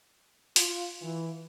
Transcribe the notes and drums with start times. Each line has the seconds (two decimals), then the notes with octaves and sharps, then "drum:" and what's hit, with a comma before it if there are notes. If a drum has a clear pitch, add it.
0.56 F4, drum: open hi-hat
1.02 E3